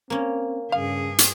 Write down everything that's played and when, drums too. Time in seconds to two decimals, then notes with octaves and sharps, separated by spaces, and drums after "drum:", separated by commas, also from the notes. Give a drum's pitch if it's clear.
0.10 A#3 C4 C#4
0.72 G2 C#3 G#4 F5
1.18 drum: hi-hat